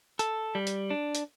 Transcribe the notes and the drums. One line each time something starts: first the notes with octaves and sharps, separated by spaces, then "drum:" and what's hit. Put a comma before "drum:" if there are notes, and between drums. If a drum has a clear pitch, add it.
A4, drum: hi-hat
G3
drum: hi-hat
D4
drum: hi-hat